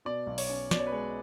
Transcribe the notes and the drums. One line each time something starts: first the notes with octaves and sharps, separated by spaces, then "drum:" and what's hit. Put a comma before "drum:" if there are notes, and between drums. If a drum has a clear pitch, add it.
B2 D5
B1
C#5, drum: open hi-hat
C#4
B2 D5, drum: snare
C#5
B4
G#3 C#5